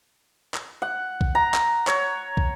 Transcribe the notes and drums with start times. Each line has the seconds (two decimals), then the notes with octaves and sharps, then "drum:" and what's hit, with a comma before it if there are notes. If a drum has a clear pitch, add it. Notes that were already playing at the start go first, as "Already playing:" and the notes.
0.54 drum: clap
0.82 F#5
1.21 drum: kick
1.35 A#5
1.54 drum: clap
1.87 C#5, drum: clap
2.37 drum: kick